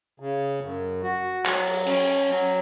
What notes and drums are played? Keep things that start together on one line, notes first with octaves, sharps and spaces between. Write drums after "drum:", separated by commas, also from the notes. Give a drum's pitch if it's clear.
C#3
F#2
F#4
F#3, drum: clap
drum: open hi-hat
C#4, drum: cymbal
F#3